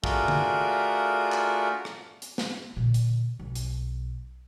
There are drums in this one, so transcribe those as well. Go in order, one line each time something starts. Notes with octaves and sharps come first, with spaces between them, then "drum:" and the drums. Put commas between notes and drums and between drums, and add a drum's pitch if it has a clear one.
A3 D4 F4 F#4 G#4 A#4, drum: kick
drum: tom D3
drum: clap
drum: rim click
drum: hi-hat
drum: snare
A#2 D3
drum: hi-hat
B1
drum: hi-hat